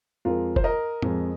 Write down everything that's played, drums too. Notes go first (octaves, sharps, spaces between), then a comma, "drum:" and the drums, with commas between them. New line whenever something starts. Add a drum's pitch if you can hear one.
F2 F3 G#3 F4 A#4
C5, drum: kick F1
A#4 D#5
F2 F3 G#3, drum: tom